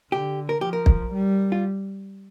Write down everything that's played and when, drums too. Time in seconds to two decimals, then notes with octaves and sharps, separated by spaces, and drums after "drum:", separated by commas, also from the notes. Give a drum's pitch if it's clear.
0.12 D3 G4
0.49 A#4
0.61 F3 G4
0.73 A#4
0.86 drum: kick
1.13 G3
1.52 F4